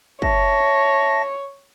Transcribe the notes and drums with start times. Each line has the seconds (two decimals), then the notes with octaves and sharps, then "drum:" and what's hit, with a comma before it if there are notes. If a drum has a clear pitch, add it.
0.22 C#5 E5 A5 A#6, drum: kick